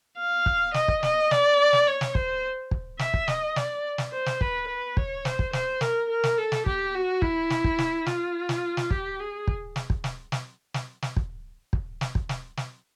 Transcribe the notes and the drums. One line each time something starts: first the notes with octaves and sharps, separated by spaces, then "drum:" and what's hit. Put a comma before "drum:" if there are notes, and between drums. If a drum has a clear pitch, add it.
F5
drum: kick
D#5, drum: snare
drum: kick
D#5, drum: snare
D5, drum: snare
drum: snare
C#5
drum: snare
C5, drum: kick
drum: kick
E5, drum: snare
drum: kick
D#5, drum: snare
D5, drum: snare
drum: snare
C5
drum: snare
B4, drum: kick
B4
C#5, drum: kick
C5, drum: snare
drum: kick
C5, drum: snare
A#4, drum: snare
A#4
drum: snare
A4
drum: snare
G4, drum: kick
F#4
E4, drum: kick
drum: snare
drum: kick
drum: snare
F4, drum: snare
drum: snare
drum: snare
G4, drum: kick
G#4
drum: kick
drum: snare
drum: kick
drum: snare
drum: snare
drum: snare
drum: snare
drum: kick
drum: kick
drum: snare
drum: kick
drum: snare
drum: snare